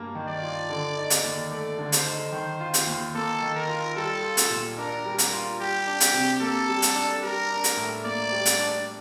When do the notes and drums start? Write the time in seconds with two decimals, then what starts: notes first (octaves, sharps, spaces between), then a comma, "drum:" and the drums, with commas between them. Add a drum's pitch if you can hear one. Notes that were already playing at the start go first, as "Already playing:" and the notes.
Already playing: G2 A#3
0.15 D#3
0.28 D5
0.42 F4
0.70 D3
0.97 D#4
1.10 drum: hi-hat
1.24 D#2
1.51 A3 D5
1.79 D3
1.92 C5, drum: hi-hat
2.05 D#4
2.32 D#3
2.60 F4
2.74 drum: hi-hat
2.87 D#2
3.15 A#3 A4
3.42 D#3
3.55 A#4
3.68 F4
3.96 G3 A4
4.23 F4
4.37 drum: hi-hat
4.50 A#2
4.77 D4 A#4
5.05 G3
5.18 A#4, drum: hi-hat
5.33 F4
5.59 G3 G4
5.87 D4
6.00 drum: hi-hat
6.14 C3
6.41 A#3 A4
6.69 G3
6.82 drum: hi-hat
6.95 D4
7.23 G3 A#4
7.50 D4
7.64 drum: hi-hat
7.77 A2
8.04 A#3 D5
8.32 G3
8.46 drum: hi-hat
8.59 D4